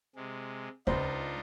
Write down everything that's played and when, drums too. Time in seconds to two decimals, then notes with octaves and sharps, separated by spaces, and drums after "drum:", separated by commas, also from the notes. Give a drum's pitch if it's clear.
0.15 C3 G#3
0.87 C#2 D4 D#4 F4 C5, drum: kick D#2